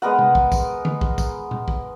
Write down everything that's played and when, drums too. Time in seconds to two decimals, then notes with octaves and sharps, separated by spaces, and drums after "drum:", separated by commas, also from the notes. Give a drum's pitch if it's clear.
0.02 G#3 B3 A#4 F#5
0.19 drum: tom C3
0.35 drum: kick
0.52 drum: kick, tambourine
0.85 drum: tom D3
1.01 drum: kick
1.18 drum: kick, tambourine
1.51 drum: tom A#2
1.68 drum: kick